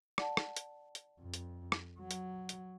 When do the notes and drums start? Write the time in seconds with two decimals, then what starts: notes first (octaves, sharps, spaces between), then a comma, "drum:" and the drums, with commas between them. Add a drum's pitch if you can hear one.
0.18 D5 F#5 A5, drum: rim click
0.37 drum: rim click
0.56 drum: hi-hat
0.95 drum: hi-hat
1.20 F2
1.34 drum: hi-hat
1.72 drum: rim click
1.98 F#3
2.11 drum: hi-hat
2.49 drum: hi-hat